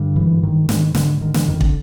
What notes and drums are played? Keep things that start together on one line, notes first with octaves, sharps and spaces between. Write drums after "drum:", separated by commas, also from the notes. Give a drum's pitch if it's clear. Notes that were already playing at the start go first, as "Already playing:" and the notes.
Already playing: G2 D3
G#2 E3
G#2 D#3
G#2 D#3, drum: snare
G#2 D3, drum: snare
D3 D#3
E3, drum: snare
F2 D#3
D3, drum: kick